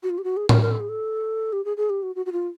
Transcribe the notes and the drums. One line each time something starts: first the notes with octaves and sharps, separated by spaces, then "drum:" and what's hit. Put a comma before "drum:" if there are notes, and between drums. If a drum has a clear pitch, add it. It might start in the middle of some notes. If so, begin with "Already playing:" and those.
F#4
F4
G4
F#4
G#4
A#4, drum: tom A2
A#4
A4
G#4
A4
G4
G#4
G#4
G4
F#4
F#4
F#4
F4